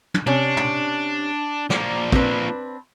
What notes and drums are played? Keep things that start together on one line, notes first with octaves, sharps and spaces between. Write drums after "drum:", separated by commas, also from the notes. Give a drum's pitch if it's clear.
drum: tom
C3 C#4 D4
drum: tom
F3 A#3 D5, drum: snare
C4 D4 B4, drum: kick